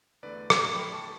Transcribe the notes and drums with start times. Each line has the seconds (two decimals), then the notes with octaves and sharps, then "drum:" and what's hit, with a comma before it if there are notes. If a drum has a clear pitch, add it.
0.23 E2 D3 A3 B4 D5
0.50 drum: rim click
0.75 G5 B5
0.93 A5 C#6